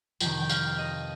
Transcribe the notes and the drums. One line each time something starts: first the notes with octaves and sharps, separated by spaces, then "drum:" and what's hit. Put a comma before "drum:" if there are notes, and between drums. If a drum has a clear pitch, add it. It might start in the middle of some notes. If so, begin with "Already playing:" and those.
F2 C3 D#3 G5, drum: tambourine
G5
F5, drum: tambourine
D#5